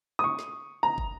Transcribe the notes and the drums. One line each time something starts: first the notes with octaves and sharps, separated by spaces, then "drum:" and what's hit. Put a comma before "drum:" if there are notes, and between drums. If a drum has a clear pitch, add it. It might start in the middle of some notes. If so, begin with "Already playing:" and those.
D#6
C#6
drum: snare
A#5
drum: kick